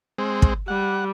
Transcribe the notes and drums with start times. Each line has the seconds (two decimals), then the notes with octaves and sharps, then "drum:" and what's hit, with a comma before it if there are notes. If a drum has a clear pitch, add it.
0.18 G#3 C4
0.42 drum: kick
0.68 G3 F#5